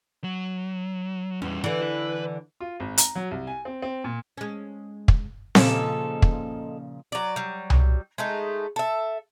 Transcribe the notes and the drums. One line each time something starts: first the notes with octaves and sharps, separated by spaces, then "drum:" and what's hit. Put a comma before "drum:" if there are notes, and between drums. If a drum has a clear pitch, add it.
F#3
E2 G3 C#4
D3 E3 D5
B4
F4
G#1
A#5, drum: hi-hat
F#3
C2
G#5
C4
C4
A#2
G#3 C#4
drum: kick
A#2 C#3 F3 D#4 A4, drum: snare C4
drum: kick
F#3 D5
F#3 G3
drum: tom C2
G#3 A3 D#4
A4 E5